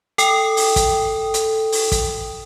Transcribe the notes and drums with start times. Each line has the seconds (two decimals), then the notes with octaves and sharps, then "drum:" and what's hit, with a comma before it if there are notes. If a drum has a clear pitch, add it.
0.18 A4 G5 D#6, drum: hi-hat
0.57 drum: open hi-hat
0.76 drum: kick, hi-hat
1.34 drum: hi-hat
1.72 drum: open hi-hat
1.92 drum: kick, hi-hat